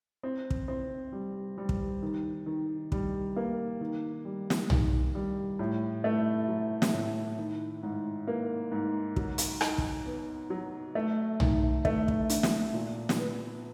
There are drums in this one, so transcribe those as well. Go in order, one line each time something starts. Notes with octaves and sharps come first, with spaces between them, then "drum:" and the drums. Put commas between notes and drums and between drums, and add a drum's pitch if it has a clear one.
C4
drum: kick
C4
G3
G3
drum: kick
D#3
D#3
G3, drum: kick
A#3
D#3
G3
drum: snare
D#3, drum: tom
G3
A2
A3
F#3
drum: snare
A2
D#3
G#2
A#3
G#2
F#3, drum: kick
drum: hi-hat
D#4, drum: rim click
drum: kick
B3
F#3
A3
D#3, drum: tom
A3, drum: kick
drum: kick
D4, drum: hi-hat
drum: snare
A#2
drum: snare
B3